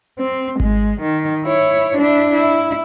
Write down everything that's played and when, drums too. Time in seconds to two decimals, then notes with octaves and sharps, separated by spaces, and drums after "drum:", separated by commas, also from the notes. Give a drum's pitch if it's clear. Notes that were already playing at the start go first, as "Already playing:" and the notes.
0.19 C4
0.60 G#3, drum: kick G#1
1.02 D#3
1.45 E4 C#5
1.98 D4 E4
2.34 E4